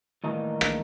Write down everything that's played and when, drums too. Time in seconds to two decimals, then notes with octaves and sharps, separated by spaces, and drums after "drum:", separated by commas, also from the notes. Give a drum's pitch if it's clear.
0.24 A2 D#3 E3 G3 A#3 D#4
0.61 drum: rim click